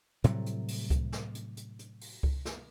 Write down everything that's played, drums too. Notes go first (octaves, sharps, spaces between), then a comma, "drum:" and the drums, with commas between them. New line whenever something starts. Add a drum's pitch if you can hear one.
A2 C3 F#3 G3, drum: hi-hat
drum: hi-hat
drum: open hi-hat
drum: kick C#2, hi-hat
drum: snare
drum: hi-hat
drum: hi-hat
drum: hi-hat
drum: open hi-hat
drum: kick C#2
drum: snare